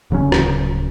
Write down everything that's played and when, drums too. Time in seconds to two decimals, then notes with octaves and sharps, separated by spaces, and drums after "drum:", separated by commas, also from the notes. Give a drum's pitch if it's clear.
0.10 D1 C#3 F#3 C#4
0.32 drum: rim click